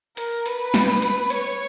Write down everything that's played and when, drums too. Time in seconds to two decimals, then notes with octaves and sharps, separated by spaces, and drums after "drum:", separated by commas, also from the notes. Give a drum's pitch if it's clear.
0.17 A#4, drum: hi-hat
0.46 B4, drum: hi-hat
0.74 drum: snare
1.02 drum: hi-hat
1.30 C#5, drum: hi-hat